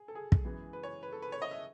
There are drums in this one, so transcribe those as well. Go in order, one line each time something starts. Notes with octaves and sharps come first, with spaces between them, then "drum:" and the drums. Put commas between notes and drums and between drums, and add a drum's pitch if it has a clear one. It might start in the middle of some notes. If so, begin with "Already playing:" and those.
Already playing: G#4
A4
G#4
drum: kick
F#2 E3 G#3 B3
B4
C#5
B4
A4
B4
C#5
D#5
E5